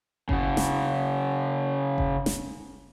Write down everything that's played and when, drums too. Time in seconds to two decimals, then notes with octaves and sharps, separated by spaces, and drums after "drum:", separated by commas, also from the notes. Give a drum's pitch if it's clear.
0.29 C#3 F#4, drum: kick G1
0.57 drum: snare
1.98 drum: kick G1
2.26 drum: snare